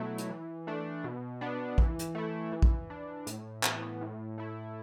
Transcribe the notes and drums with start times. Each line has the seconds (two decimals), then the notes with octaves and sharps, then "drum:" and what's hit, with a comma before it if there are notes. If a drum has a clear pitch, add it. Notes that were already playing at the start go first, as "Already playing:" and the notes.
Already playing: B2 F#3 A3 E4
0.18 drum: hi-hat
0.29 E3
0.67 A3 D4
1.04 B2
1.41 B3 D4
1.78 E3, drum: kick
1.99 drum: hi-hat
2.15 A3 E4
2.52 E3
2.62 drum: kick
2.90 D4
3.27 A2, drum: hi-hat
3.63 E3 B3, drum: clap
4.01 A2
4.38 A3 E4